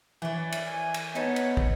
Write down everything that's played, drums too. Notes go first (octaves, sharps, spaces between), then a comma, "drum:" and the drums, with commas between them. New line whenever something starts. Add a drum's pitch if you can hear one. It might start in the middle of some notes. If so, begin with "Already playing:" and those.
E3 C#5 D5
drum: cymbal
G#5
drum: cymbal
B3 D#4 A4 C#5 B5
drum: cymbal
drum: kick